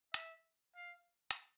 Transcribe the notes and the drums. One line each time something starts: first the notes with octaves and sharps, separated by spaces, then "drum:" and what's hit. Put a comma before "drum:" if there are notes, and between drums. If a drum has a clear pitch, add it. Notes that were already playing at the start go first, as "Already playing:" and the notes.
E5, drum: hi-hat
F5
drum: hi-hat